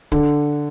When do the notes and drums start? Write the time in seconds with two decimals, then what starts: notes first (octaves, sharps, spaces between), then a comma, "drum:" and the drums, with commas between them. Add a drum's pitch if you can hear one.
0.12 D3, drum: kick